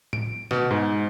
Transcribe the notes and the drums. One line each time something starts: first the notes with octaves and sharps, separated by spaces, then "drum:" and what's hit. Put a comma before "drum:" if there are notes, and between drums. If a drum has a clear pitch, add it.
D7, drum: tom A2
B2, drum: snare
G#2